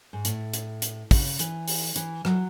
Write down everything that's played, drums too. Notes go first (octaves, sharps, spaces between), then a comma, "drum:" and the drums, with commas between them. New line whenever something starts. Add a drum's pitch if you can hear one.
G#2
A2, drum: hi-hat
drum: hi-hat
drum: hi-hat
C#3, drum: kick, open hi-hat
E3, drum: hi-hat
drum: open hi-hat
E3, drum: hi-hat
F#3, drum: rim click